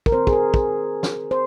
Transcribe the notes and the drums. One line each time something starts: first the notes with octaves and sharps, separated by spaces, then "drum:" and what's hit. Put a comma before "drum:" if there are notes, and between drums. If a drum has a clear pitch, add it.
A#4, drum: kick
D#3 C4 C5
G#4, drum: kick
A#4
G#4, drum: kick
drum: snare
C5